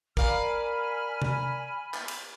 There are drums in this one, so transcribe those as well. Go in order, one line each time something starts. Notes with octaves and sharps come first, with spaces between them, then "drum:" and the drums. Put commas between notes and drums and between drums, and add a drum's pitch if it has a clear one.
A#4 D5 F5 G#5 B5 F6, drum: kick
drum: tom C3
drum: clap
drum: cymbal